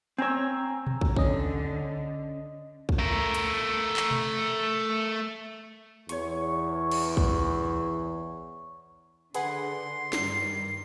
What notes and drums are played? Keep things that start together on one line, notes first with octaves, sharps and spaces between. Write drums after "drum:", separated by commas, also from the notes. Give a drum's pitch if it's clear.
C4 C#5 G#5 A#5 E6
drum: tom B2
drum: kick
D3 C#4 D#5, drum: kick
drum: kick
A3 A#4
drum: hi-hat
drum: clap
drum: tom B2
E2 C#5 C#6, drum: hi-hat
drum: cymbal
drum: kick
D3 G#4 B4 F#5 C6, drum: hi-hat
G2 D#3 G3 C7, drum: snare